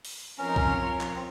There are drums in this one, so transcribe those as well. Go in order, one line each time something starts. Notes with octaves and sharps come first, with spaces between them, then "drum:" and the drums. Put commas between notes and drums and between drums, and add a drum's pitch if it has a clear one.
drum: open hi-hat
F3 C4 C#4 F4 A#4 C#5
D#4
C#4, drum: kick C2
drum: clap
C4